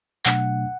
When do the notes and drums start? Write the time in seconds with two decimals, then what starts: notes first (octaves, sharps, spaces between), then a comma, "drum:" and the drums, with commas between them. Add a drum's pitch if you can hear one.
0.26 B2 F#3 A3 D4 F#5, drum: clap